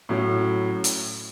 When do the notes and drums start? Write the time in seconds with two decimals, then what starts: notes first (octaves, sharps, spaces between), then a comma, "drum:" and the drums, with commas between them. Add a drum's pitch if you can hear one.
0.09 A2 F#3 C#4
0.84 drum: hi-hat